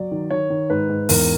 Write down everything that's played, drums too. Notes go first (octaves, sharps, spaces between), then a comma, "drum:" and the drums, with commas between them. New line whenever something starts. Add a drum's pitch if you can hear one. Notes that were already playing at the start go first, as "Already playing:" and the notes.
Already playing: F#3 D5
D#3
D#3 C#5
D#3
G#2 B4
G#2
E2 A#4, drum: open hi-hat